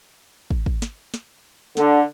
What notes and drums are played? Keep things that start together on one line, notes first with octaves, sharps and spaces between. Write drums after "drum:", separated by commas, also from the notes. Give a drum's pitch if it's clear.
drum: kick
drum: kick
drum: snare
drum: snare
D3, drum: snare